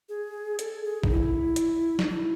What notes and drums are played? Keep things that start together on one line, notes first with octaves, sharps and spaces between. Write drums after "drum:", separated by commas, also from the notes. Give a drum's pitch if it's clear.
G#4
A4, drum: hi-hat
G#4
D#4, drum: kick
E4
drum: hi-hat
D#4, drum: snare
E4